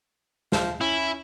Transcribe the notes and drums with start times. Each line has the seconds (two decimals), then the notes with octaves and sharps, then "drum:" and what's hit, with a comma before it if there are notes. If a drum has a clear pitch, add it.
0.52 F3, drum: snare
0.81 C#4 E4